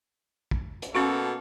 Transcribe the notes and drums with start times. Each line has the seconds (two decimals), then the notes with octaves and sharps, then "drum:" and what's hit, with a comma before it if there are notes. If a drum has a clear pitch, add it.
0.51 drum: kick
0.82 drum: hi-hat
0.95 B2 A#3 C#4 F#4 A4